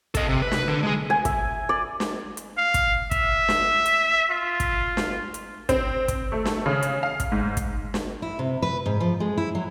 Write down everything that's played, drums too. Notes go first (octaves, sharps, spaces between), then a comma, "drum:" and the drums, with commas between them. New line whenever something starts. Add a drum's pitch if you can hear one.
A4 D#5, drum: kick, hi-hat
C3
B4
drum: snare
D3
G#3 G#4
G#5
E5, drum: kick, hi-hat
D5
drum: snare
drum: hi-hat
F5
drum: kick, hi-hat
E5, drum: kick, hi-hat
drum: snare
drum: hi-hat
F4
drum: kick, hi-hat
drum: snare
drum: hi-hat
C4, drum: kick, hi-hat
drum: kick, hi-hat
A3
drum: snare
C#3
drum: hi-hat
F5
drum: kick, hi-hat
G#2
drum: kick, hi-hat
drum: snare
E4
C3
B4
G#2
F3
G#3
E4
F#3